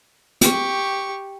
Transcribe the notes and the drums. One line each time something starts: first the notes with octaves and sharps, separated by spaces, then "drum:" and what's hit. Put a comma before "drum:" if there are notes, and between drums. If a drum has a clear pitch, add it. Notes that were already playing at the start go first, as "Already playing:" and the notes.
G4 C#6, drum: hi-hat